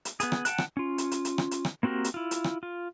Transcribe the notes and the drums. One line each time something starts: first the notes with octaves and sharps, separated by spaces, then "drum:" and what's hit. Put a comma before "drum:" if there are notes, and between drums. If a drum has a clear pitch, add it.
drum: hi-hat
B3 G#4, drum: hi-hat
drum: rim click
F#5 G5 A5 F#6, drum: hi-hat
drum: rim click
C#4 F4
drum: hi-hat
drum: hi-hat
drum: hi-hat
drum: rim click
drum: hi-hat
drum: rim click
A#3 C4 F#4 G4 A#4
drum: hi-hat
E4 F4
drum: hi-hat
drum: rim click
F4